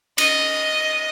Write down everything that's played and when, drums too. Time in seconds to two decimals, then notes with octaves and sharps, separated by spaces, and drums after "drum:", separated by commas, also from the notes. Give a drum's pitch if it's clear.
0.18 D#5, drum: cymbal